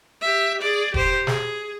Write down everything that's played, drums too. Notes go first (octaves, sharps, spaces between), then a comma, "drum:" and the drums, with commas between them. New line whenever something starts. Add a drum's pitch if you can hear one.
G4 E5
G#4 D5
G4 C5, drum: kick E1
G#4, drum: snare